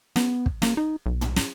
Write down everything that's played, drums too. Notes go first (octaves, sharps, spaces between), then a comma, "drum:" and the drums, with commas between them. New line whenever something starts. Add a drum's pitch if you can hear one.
B3, drum: snare
drum: kick
A#3, drum: snare
D#4
B1
drum: tom
drum: snare